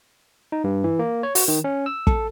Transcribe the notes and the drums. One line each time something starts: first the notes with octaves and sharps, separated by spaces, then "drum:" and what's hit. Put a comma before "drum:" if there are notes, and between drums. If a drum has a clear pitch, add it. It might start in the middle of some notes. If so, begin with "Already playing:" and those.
D#4
G2
E3
A#3
C#5
F#4, drum: open hi-hat
D#3
C#4
E6
A4, drum: kick